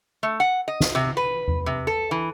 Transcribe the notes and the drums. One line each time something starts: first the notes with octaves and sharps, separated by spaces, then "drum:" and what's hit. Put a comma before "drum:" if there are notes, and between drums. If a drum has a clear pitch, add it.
A3
F#5
D#5
drum: snare
C3
B4
drum: tom E2
C3
A4
E3